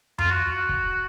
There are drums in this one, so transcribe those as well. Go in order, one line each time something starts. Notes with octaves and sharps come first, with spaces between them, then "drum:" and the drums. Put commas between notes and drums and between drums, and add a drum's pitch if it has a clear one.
F4, drum: tom F2
F#4
drum: kick